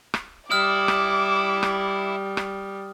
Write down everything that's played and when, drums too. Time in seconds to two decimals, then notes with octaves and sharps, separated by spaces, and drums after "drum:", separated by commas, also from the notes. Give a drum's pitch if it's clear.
0.14 drum: rim click
0.51 G3 E4 D6 D#6 F6
0.88 drum: rim click
1.63 drum: rim click
2.37 drum: rim click